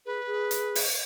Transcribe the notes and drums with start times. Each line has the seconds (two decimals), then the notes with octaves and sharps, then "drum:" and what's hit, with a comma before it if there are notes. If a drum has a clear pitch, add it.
0.06 G#4 B4
0.26 G#4
0.51 drum: hi-hat
0.75 drum: open hi-hat